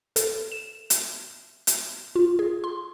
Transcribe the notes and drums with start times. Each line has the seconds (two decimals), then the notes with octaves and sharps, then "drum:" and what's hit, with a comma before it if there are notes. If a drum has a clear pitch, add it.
0.16 A4, drum: hi-hat
0.52 E7
0.90 drum: hi-hat
1.67 drum: hi-hat
2.16 F4
2.39 G#4
2.64 C6